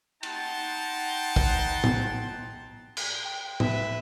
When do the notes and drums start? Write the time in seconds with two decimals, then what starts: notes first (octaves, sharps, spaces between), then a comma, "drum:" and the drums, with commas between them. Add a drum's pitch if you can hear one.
0.23 D#4 F#5 G5 A5 C6, drum: cymbal
1.36 drum: kick
1.84 drum: tom
2.97 drum: cymbal
3.23 G5
3.60 B4 E5, drum: tom